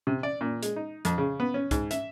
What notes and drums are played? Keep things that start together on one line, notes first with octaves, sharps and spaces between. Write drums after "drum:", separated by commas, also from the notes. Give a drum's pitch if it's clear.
C3
D5
A#2
G#3, drum: hi-hat
D#4
F2, drum: hi-hat
C#3
B3
C#4
G#2, drum: kick C2, hi-hat
E5, drum: hi-hat